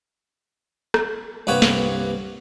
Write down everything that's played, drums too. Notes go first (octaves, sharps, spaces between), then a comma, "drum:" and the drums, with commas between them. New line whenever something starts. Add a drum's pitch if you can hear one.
drum: rim click
C2 G2 A#3 B4 C#5 F#5
drum: snare